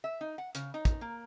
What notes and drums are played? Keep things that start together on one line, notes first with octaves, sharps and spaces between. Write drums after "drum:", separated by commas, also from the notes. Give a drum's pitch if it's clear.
E5
D#4
F#5
C#3, drum: hi-hat
D#4
drum: kick, hi-hat
A#3